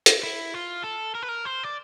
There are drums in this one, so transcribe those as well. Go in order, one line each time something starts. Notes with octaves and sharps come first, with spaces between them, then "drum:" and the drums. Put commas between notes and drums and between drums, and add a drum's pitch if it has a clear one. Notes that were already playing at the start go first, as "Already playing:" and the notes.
drum: hi-hat
E4
F4
A4
A#4
B4
A#4
C5
D5